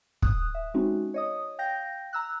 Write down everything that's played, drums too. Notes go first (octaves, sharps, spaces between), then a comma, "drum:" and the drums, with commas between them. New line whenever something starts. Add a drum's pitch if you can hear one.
D#6 F#6, drum: kick
E5
G#3 C4 C#4 D#4 F#4
C#5 D#5 D#6
F5 G5 G6 A#6
A#5 E6 F#6